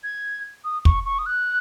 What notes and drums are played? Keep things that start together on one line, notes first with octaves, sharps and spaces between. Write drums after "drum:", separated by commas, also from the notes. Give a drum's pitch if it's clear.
G#6
D#6
C#6, drum: kick
C#6
D#6
F#6